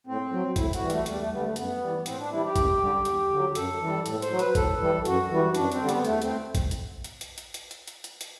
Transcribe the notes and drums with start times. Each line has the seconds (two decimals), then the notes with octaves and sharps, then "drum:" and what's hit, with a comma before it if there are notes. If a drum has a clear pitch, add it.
0.07 A2 C4
0.32 F#3
0.56 A2 E4, drum: kick G#1, hi-hat
0.73 F#4, drum: hi-hat
0.81 E3 G3
0.90 A3, drum: hi-hat
1.06 E2 G3, drum: hi-hat
1.18 A3
1.31 D3 G3 B3
1.43 A3
1.56 F#2 B3, drum: hi-hat
1.81 E3 G3
2.06 A2 C4, drum: hi-hat
2.19 D4
2.31 E3 G3 E4
2.44 G4
2.56 F#2, drum: kick G#1, hi-hat
2.81 D3 G3
3.05 E2, drum: hi-hat
3.31 D3 F#3
3.55 F#2 A4, drum: hi-hat
3.80 E3 G3
4.06 A2, drum: hi-hat
4.22 C5, drum: hi-hat
4.30 F#3
4.39 B4, drum: hi-hat
4.55 A2 A4, drum: kick G#1, hi-hat
4.80 E3 G3
5.05 F#2 F#4, drum: hi-hat
5.30 E3 G3
5.55 F#2 D4, drum: hi-hat
5.72 C4, drum: hi-hat
5.80 D3 G3
5.89 B3, drum: hi-hat
6.05 E2 A3, drum: hi-hat
6.22 C4, drum: hi-hat
6.55 drum: kick G#1, hi-hat
6.71 drum: hi-hat
7.04 drum: hi-hat
7.21 drum: hi-hat
7.38 drum: hi-hat
7.54 drum: hi-hat
7.71 drum: hi-hat
7.87 drum: hi-hat
8.04 drum: hi-hat
8.21 drum: hi-hat